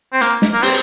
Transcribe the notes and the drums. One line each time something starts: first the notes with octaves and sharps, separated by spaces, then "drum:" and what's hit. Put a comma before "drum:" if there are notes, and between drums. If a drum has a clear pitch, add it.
C4
A#3, drum: hi-hat
drum: snare
A#3
C4, drum: open hi-hat